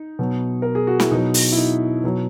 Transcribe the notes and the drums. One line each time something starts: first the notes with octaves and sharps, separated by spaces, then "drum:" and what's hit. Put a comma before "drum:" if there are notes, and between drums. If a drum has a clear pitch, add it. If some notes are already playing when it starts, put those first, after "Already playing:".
Already playing: D#4
B2 F#3
A#4
G#4
F#4
E4, drum: snare
B2 F#3 D#4
drum: open hi-hat
E4
D#4
B2 F#3